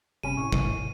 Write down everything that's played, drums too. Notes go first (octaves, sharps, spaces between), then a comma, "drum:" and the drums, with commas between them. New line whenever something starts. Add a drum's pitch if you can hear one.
G1 C3 C#4 B5 D#7
A2 G#5 C#6
drum: kick